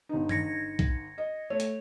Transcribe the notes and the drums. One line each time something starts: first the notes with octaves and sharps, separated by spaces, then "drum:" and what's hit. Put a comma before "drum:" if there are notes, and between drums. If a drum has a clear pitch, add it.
G1 D#4
G#6 A#6 C#7, drum: tom G2
drum: kick B1
D#5
A3 C#5
drum: hi-hat